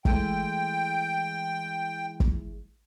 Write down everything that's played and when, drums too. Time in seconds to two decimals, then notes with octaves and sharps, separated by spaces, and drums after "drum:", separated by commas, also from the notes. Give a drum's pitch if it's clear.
0.05 E3 G#3 A3 G5, drum: kick
2.20 drum: kick